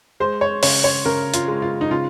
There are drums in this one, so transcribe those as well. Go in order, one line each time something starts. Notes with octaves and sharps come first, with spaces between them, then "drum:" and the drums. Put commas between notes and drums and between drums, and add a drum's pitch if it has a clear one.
G#3 C5
C#5
C#3 C#5, drum: open hi-hat
C#5
C#3 A#4
F4, drum: hi-hat
G#3
F4
D#4
C#3 F4